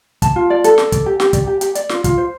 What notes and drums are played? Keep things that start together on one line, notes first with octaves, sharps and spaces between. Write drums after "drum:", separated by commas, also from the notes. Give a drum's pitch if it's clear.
A5, drum: kick, hi-hat
F4
D5
A4, drum: hi-hat
A4, drum: snare
D5, drum: kick, hi-hat
G4
G4, drum: snare
D5, drum: kick, hi-hat
G4
G4, drum: hi-hat
D5, drum: hi-hat
F4, drum: snare
F4, drum: kick, hi-hat
C5